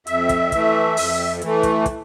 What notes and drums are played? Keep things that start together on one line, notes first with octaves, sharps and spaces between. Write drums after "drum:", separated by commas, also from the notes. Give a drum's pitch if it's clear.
F2 E5, drum: hi-hat
drum: kick, hi-hat
E3 A3, drum: kick, hi-hat
F2, drum: open hi-hat
E3 A3, drum: hi-hat
drum: kick, hi-hat
drum: kick, hi-hat